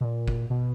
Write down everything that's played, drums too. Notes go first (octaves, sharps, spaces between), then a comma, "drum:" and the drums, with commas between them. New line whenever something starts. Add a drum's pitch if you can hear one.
B2
A#2
drum: kick F#1
B2